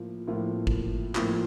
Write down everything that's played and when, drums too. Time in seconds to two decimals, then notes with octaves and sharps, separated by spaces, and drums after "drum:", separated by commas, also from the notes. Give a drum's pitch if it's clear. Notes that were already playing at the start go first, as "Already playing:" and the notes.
Already playing: A2 F3 A#3 F4
0.27 A2 F3 A#3 F4
0.67 drum: kick
1.15 A2 F3 A#3 F4, drum: clap